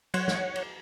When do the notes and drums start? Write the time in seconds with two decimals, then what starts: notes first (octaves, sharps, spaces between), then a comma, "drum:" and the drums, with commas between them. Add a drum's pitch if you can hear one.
0.14 F#3 C#5 F#5 C6 F#6, drum: cymbal
0.28 drum: snare
0.56 drum: cymbal